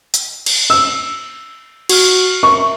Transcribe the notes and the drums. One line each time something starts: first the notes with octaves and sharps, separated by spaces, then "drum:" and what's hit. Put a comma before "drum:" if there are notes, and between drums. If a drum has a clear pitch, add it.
drum: hi-hat
drum: cymbal
E6
F#4 F6, drum: cymbal
A#4 E5 C#6